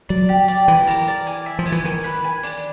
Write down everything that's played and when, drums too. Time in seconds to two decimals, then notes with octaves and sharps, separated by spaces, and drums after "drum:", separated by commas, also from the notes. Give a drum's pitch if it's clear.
0.09 F#3 D5
0.29 G4
0.48 D5, drum: hi-hat
0.68 E3 D5
0.87 A#4, drum: open hi-hat
1.08 D5
1.27 G#5, drum: hi-hat
1.46 E5
1.59 F3
1.66 G#5, drum: open hi-hat
1.72 E3
1.85 D#3 G#5
2.04 B4, drum: hi-hat
2.24 G#5
2.43 D4, drum: open hi-hat